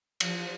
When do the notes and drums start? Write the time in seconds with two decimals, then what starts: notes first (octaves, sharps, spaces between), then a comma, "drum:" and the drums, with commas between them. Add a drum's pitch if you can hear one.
0.20 F3, drum: cymbal